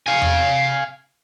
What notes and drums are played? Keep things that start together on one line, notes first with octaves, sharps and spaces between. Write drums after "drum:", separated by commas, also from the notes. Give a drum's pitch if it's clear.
F5 G#5
drum: tom E2